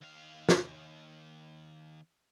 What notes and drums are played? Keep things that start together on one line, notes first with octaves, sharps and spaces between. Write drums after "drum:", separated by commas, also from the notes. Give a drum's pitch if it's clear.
D#2 F5
drum: snare